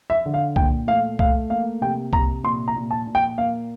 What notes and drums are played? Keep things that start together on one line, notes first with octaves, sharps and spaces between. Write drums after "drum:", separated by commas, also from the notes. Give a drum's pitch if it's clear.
E5
D3
F5
A#2 G5, drum: kick C2
A3 F5
A3 F5, drum: kick C2
A#3 F5
C3 G5
C3 A#5, drum: kick C2
A#2 C6
A#5
A#2
A5
A#2
G5
A#3 F5